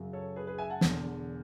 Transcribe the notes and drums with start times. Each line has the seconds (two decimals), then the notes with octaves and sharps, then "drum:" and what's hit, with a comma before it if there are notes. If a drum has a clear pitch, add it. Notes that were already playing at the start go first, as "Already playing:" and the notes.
Already playing: F#2 C#3 F#3
0.13 A4 C#5
0.36 G#4 B4
0.47 G#4 B4
0.58 E5 G#5
0.70 F#5 A5
0.81 E1 E2 D3, drum: snare